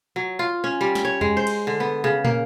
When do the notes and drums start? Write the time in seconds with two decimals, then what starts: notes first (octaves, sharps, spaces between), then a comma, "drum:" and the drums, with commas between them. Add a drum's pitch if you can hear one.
0.16 F#3
0.39 F4
0.64 C#4
0.81 G3
0.95 drum: snare
1.05 C#5
1.21 G#3, drum: tom E2
1.37 C5
1.47 drum: cymbal
1.67 D3
1.80 B3
2.04 C#3
2.24 A#3, drum: tom